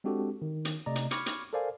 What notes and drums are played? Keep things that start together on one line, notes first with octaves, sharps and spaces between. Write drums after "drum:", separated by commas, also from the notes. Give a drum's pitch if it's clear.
G#3 C4 D4 F#4 G4 A4
D#3
drum: hi-hat
C3 A3 D5 D#5 A#5
drum: hi-hat
B5 C#6 D6 F6 G#6 C#7, drum: hi-hat
drum: hi-hat
A4 A#4 C5 D5 F5 G#5